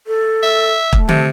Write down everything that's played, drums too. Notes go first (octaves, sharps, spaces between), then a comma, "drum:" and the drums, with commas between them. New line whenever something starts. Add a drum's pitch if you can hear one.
A4
E5
A3, drum: kick
C3, drum: tom D3